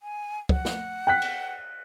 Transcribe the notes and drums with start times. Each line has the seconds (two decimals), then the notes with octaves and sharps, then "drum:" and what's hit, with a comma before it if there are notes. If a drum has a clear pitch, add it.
0.02 G#5
0.49 F#5, drum: kick
0.65 drum: snare
1.07 G5 F#6 B6
1.22 drum: cymbal